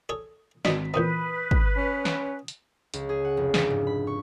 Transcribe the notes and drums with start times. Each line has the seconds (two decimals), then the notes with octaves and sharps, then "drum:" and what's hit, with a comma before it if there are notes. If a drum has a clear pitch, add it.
0.09 G#4 A4 C#5
0.65 G#1 D4 F#4 D#5 B6, drum: snare
0.94 E2 A#2 C4 B4 D#6 G6
1.51 drum: kick
1.77 C#4
2.05 drum: snare
2.48 drum: hi-hat
2.94 C#2, drum: hi-hat
3.09 G#4
3.24 F#5
3.37 F1
3.54 D4, drum: snare
3.70 G#2
3.87 B5
4.07 C#6